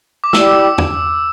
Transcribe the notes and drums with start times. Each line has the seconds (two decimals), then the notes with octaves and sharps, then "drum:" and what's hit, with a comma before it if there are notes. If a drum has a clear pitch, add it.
0.24 D6
0.33 E4 G4 D5 E6, drum: snare
0.78 drum: tom